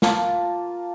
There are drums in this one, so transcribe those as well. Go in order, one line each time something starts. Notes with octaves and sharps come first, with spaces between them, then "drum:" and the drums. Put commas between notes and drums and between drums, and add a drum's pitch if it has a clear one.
A#3 F4 A5, drum: snare